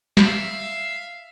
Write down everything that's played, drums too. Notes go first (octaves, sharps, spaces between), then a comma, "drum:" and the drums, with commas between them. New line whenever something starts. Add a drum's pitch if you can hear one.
E5 F5, drum: snare